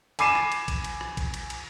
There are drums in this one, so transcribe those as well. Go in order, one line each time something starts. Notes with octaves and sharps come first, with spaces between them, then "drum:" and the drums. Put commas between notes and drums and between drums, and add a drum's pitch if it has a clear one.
G#5 B5 D6 C7 D#7 E7, drum: cymbal
drum: rim click
drum: cymbal
drum: kick A#1, cymbal
drum: cymbal
drum: rim click
drum: kick A#1, cymbal
drum: cymbal
drum: cymbal